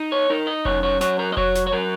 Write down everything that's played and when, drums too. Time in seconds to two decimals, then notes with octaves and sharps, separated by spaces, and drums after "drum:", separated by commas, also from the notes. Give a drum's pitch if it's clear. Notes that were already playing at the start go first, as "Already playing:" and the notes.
Already playing: D#4
0.12 C#5
0.30 D#4 A#4
0.47 D#5
0.65 F#2 C#5, drum: kick F1
0.83 C#5
1.01 F#3 C#5, drum: snare
1.19 A#4
1.32 D#5
1.37 F#3 C#5, drum: kick F1
1.55 drum: snare
1.67 C#5
1.73 F#3 A#4